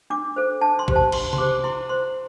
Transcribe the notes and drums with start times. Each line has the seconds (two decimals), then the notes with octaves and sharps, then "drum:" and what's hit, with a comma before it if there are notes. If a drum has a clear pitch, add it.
0.10 D4 D6
0.36 A4 C5
0.61 D4 A5
0.79 C6
0.88 G4 C5, drum: kick A1
0.96 A5
1.12 D4 C6, drum: cymbal
1.33 C6, drum: tom C3
1.38 G4 C5 D6
1.64 E4 C6
1.89 C5 C6